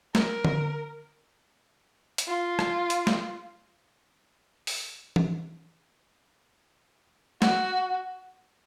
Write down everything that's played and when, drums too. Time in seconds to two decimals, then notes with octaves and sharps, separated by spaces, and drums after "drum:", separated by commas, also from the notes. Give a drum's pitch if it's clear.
0.15 A#4, drum: snare
0.45 drum: tom D3
2.18 drum: hi-hat
2.28 F4
2.59 drum: rim click
2.90 drum: hi-hat
3.07 drum: snare
4.67 drum: open hi-hat
5.16 drum: tom E3
7.42 F#4, drum: snare